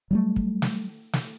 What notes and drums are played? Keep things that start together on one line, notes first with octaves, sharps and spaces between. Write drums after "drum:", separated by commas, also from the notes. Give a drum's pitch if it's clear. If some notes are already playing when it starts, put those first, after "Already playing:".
F#3 G3 A3
drum: kick
drum: snare
drum: snare